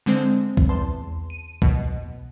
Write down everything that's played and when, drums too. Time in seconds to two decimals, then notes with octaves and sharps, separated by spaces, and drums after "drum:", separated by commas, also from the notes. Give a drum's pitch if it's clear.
0.06 D3 G#3 C4 C5
0.57 drum: kick
0.69 E2 A5 C6
1.30 D#7
1.62 B2, drum: kick